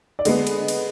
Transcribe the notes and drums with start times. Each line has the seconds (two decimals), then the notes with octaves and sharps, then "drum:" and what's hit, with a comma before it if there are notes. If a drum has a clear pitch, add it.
0.19 D5
0.25 D3 G#3 B3 D#5, drum: cymbal
0.47 drum: cymbal
0.68 drum: cymbal